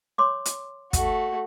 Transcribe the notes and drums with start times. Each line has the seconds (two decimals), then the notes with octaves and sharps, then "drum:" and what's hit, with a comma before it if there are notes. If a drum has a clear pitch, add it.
0.18 C#5 C6 D6
0.45 drum: hi-hat
0.93 A3 F#4, drum: kick, hi-hat